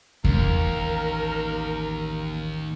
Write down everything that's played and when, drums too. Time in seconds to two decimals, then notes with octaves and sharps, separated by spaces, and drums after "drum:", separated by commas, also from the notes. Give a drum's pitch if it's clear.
0.24 A1 D#2 A#4, drum: kick E2